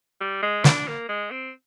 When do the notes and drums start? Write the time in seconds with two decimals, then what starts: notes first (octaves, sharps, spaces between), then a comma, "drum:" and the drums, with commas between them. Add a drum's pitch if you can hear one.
0.21 G3
0.42 G#3
0.64 D4, drum: snare
0.88 A#3
1.09 G#3
1.31 C4